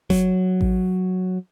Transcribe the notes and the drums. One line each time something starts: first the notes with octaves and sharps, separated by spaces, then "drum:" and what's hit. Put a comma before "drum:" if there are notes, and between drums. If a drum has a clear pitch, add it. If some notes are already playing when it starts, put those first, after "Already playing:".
F#3, drum: snare F#1
drum: kick A1